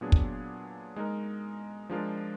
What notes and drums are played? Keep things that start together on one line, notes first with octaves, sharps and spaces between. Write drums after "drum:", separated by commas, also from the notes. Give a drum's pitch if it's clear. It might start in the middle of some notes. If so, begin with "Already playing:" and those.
A#2 F#3 B3 D4 G#4
drum: kick
G#3 D#4 A#4
F3 G#3 D4 F4 A#4